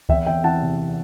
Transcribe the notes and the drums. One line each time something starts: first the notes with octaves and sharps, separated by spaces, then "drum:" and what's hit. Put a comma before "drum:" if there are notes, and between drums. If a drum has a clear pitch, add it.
E2 E5 G5, drum: kick C#2
E2 E5 G5
E3 F#5 A5
C3